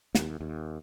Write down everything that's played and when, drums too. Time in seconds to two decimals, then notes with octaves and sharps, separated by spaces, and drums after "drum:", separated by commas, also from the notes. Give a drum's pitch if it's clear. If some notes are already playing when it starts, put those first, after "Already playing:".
0.15 D#2, drum: snare
0.41 D#2